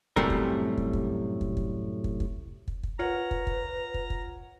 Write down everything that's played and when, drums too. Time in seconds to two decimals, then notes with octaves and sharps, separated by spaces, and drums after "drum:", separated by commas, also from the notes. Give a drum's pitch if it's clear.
0.16 F#2 A2 C3 G3 A3 A#4, drum: kick
0.30 drum: kick
0.77 drum: kick
0.93 drum: kick
1.41 drum: kick
1.57 drum: kick
2.04 drum: kick
2.20 drum: kick
2.68 drum: kick
2.83 drum: kick
2.99 F4 A#4 B4 C#5 F#5 A#5
3.31 drum: kick
3.47 drum: kick
3.94 drum: kick
4.10 drum: kick